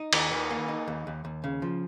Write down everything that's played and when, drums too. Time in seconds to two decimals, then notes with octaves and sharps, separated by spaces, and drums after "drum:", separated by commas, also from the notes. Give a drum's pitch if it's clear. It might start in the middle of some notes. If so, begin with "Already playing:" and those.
Already playing: D#4
0.13 D#2, drum: cymbal
0.32 D#3
0.51 A#3
0.68 D#4
0.88 D#2
1.07 D#2
1.25 D#2
1.44 C#3
1.62 F3